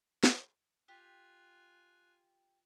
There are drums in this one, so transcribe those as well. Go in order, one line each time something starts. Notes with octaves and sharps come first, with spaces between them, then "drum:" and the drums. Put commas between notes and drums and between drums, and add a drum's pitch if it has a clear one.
drum: snare
F4 G4 G#5 F#6